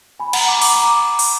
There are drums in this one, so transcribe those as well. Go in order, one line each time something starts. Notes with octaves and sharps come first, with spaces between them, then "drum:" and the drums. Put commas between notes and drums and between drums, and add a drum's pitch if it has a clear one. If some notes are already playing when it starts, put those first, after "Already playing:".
G#5 B5
F#5 A#5, drum: cymbal
A#5 D6
A#5 D6, drum: open hi-hat
A#5 D6
drum: open hi-hat